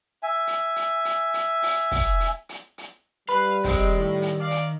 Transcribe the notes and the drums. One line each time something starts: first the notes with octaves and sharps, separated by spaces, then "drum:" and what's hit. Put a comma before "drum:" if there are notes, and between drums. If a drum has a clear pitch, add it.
E5 G#5
drum: hi-hat
drum: hi-hat
drum: hi-hat
drum: hi-hat
drum: open hi-hat
drum: kick, open hi-hat
drum: hi-hat
drum: hi-hat
drum: hi-hat
G3 B4 F5 B5
D#3 G#3 C4, drum: kick, open hi-hat
A2
drum: hi-hat
D5 F5
drum: hi-hat